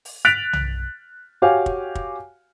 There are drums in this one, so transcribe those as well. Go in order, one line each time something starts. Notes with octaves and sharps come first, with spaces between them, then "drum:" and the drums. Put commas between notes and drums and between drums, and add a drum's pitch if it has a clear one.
drum: open hi-hat
F#6 A6 B6 D7 F7
drum: tom B1
F#4 G4 C#5 F5 G#5
drum: kick
drum: kick